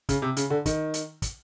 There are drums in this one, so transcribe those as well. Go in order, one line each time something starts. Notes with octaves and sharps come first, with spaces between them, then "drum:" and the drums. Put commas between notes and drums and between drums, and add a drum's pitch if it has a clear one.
C#3, drum: kick, hi-hat
C3
C#3, drum: hi-hat
D3
D#3, drum: kick, hi-hat
drum: hi-hat
drum: kick, hi-hat